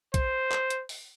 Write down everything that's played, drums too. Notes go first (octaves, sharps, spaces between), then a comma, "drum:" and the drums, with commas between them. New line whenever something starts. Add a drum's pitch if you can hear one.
C5, drum: kick B1, hi-hat
drum: clap
drum: hi-hat
drum: open hi-hat